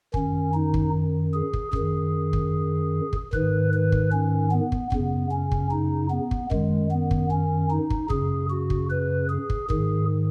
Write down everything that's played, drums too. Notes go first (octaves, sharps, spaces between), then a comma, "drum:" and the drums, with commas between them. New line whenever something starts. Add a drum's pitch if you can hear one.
F#2 D#3 C#4, drum: kick
D#4
drum: kick
G#4
drum: kick
F#2 D#3 G#4, drum: kick
drum: kick
drum: kick
G#2 D#3 B4, drum: kick
B4
drum: kick
C#4
B3
drum: kick
F#2 C#3 B3, drum: kick
C#4
drum: kick
D#4
B3
drum: kick
F#2 D#3 G#3, drum: kick
B3
drum: kick
C#4
D#4
drum: kick
F#2 C#3 G#4, drum: kick
F#4
drum: kick
B4
G#4
drum: kick
G#2 D#3 G#4, drum: kick